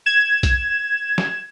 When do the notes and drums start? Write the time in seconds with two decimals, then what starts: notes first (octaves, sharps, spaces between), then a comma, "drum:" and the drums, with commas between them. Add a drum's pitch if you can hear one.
0.06 G#6 E7
0.43 drum: kick A#1, hi-hat
1.18 drum: snare